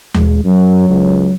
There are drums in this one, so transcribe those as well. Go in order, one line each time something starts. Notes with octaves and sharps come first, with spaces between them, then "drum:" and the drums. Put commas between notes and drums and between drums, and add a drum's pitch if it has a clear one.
G#3, drum: tom D#2
F#2 F#3
C#2